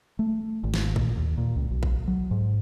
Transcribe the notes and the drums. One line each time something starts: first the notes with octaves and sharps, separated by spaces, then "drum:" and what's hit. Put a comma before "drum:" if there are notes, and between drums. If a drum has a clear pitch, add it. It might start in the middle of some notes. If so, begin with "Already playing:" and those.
A3
G#1
drum: snare
A#2, drum: kick
D#2
A#2
C#2
B1
drum: kick
F#3
G#2